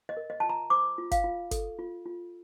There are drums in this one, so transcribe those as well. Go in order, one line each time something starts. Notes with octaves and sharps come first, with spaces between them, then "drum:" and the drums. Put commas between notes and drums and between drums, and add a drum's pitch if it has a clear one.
D#5
A#4
D#5
F4 A5
A#5
C5 D6
F4
F5, drum: kick, hi-hat
F4
A4, drum: kick, hi-hat
F4
F4